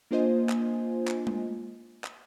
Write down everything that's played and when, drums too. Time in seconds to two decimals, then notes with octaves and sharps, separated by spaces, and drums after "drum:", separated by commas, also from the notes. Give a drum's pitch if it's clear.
0.11 A#3 D4 F4 C5 D#5 G#5
0.49 drum: clap
1.07 drum: clap
1.27 drum: tom G#3
2.04 drum: clap